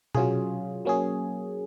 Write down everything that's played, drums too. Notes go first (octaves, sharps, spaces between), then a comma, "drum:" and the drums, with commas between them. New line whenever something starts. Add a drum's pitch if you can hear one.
F#3 C#4 F4 G#4, drum: tom B2
F#3 A#3 C#4 G#4